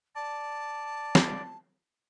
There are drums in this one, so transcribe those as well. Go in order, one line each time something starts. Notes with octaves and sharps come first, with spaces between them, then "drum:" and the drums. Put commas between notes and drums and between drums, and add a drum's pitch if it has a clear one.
D5 A5
drum: snare